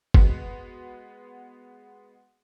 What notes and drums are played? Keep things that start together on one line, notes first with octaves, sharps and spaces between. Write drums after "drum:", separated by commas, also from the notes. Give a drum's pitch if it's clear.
G#3 B3 F#4, drum: kick G1